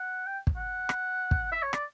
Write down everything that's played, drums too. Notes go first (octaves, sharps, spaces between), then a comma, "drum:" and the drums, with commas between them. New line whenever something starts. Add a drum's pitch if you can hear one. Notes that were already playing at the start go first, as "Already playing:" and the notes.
Already playing: F#5
G5
drum: kick
F#5
drum: rim click
drum: kick
E5
C#5
D5, drum: rim click